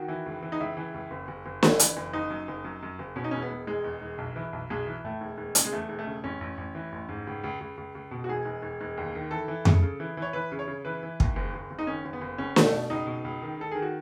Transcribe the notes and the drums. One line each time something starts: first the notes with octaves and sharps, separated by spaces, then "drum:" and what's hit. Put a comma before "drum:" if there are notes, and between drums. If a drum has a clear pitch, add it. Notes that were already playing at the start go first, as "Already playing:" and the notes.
Already playing: D#3 F#4
E3
C#2
E3
D#4
C#2 E4
E3
C#2
F#1
F#1
F#1
E3, drum: snare
E3, drum: hi-hat
F#1
F#1 D#4
F#2
F#1
F#2
F#2
F#1
B2 C#4
D#4
E1 C#4
B3
E1
E1 G#3
E2
E1
B1
E3
B1
B1 G#3
E3
A2 A3
E1
E1
C#3, drum: hi-hat
G#3
E2 A3
E1
A3
C#3
A1 C#4
A1
A1
E3
A1
G#2
C#2
C#2
C#2
C#2
C#2
B2
F#4
E1 G#4
E1
E1
E1
D#2
D#3
E3 A4
E3
C#3, drum: tom F2
C#3
E3
E3 C#5
E3 B4
C#3
C#5
C#3
E3 B4
E3
D#2, drum: kick
F#1
F#1
F#1
D#4
D#3 C#4
F#1
B3
F#1
C#2 C#4
B2, drum: snare
A3
B2
C#2 D#4
B2
C#2
D#3
D#3 A4
D#3 G#4
F#4